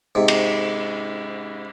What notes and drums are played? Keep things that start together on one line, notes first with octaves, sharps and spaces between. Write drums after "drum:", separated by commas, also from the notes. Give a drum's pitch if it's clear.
G#2 C3
drum: cymbal